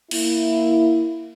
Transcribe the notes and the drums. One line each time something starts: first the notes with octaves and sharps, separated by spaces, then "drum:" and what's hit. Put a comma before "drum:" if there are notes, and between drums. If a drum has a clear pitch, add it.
A#3 E4, drum: cymbal